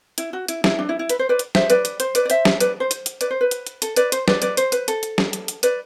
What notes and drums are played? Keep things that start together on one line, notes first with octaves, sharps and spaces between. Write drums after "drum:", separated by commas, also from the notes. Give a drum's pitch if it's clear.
E4, drum: hi-hat
F#4
E4, drum: hi-hat
E4, drum: snare
D4
E4
E4
B4, drum: hi-hat
C5
B4 D5
drum: hi-hat
C5 E5, drum: snare
B4 D5, drum: hi-hat
drum: hi-hat
C5, drum: hi-hat
B4 D5, drum: hi-hat
D5
C5 E5, drum: hi-hat
drum: snare
B4 D5, drum: hi-hat
C5
drum: hi-hat
drum: hi-hat
B4 D5, drum: hi-hat
C5
B4
drum: hi-hat
drum: hi-hat
A4, drum: hi-hat
B4 D5, drum: hi-hat
C5, drum: hi-hat
B4 D5, drum: snare
B4 D5, drum: hi-hat
C5, drum: hi-hat
B4, drum: hi-hat
A4, drum: hi-hat
drum: hi-hat
drum: snare
drum: hi-hat
drum: hi-hat
B4 D5, drum: hi-hat